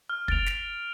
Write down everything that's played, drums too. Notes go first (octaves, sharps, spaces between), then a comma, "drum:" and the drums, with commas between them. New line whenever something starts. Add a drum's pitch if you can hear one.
F6
A6 D7 F7, drum: kick
drum: snare